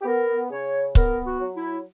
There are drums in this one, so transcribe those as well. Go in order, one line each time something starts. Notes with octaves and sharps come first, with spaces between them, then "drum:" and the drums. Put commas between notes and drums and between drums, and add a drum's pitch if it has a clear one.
G4
B3 A#4
C#3 C#5
B3 A#4, drum: kick C#1
F#4
F#3
E4